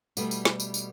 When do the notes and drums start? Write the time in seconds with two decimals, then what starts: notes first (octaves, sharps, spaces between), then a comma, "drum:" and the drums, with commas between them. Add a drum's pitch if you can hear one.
0.17 B2 G3 A3 B3, drum: tambourine
0.31 drum: tambourine
0.45 drum: snare
0.60 drum: tambourine
0.74 drum: tambourine